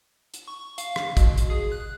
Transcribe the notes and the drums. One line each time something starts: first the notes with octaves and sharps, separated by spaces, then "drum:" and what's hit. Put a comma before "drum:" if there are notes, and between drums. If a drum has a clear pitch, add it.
drum: hi-hat
C#6
F5, drum: hi-hat
drum: rim click
B2, drum: kick, hi-hat
drum: hi-hat
G#4
F#6